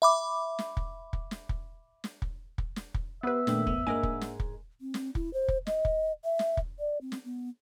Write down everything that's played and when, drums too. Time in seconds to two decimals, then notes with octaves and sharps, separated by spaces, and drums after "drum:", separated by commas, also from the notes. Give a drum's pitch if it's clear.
0.02 E5 B5 D6
0.59 drum: snare
0.77 drum: kick
1.13 drum: kick
1.31 drum: snare
1.49 drum: kick
2.04 drum: snare
2.22 drum: kick
2.58 drum: kick
2.76 drum: snare
2.94 drum: kick
3.23 B3 G4 B4 C5 E5
3.47 A#2 D#3 A3 D4 G5, drum: snare
3.67 G#1 E2 B3, drum: kick
3.87 G#2 G#3 A#3 D4 A#4 D#5 F#5 G#5
4.03 drum: kick
4.21 drum: snare
4.40 drum: kick
4.81 C4
4.94 drum: snare
5.15 E4, drum: kick
5.34 C5
5.48 drum: kick
5.67 D#5, drum: snare
5.85 drum: kick
6.24 E5
6.39 drum: snare
6.57 drum: kick
6.79 D5
7.01 C4
7.12 drum: snare
7.25 B3